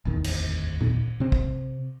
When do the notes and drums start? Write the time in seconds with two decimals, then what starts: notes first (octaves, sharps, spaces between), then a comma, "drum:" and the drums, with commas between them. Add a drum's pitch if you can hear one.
0.05 D1 G#1 E2 D#3
0.24 drum: cymbal
0.81 drum: tom A#2
1.20 C3 C4
1.32 drum: kick